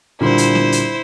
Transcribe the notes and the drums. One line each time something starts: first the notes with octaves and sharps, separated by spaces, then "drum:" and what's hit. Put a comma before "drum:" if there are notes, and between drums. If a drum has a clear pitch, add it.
A#2 D3 G3 E4 C5
drum: hi-hat
drum: snare
drum: hi-hat